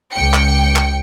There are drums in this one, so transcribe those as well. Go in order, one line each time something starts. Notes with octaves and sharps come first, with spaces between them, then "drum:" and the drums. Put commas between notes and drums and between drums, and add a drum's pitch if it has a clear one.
C#2 G5 C#7
drum: clap
drum: clap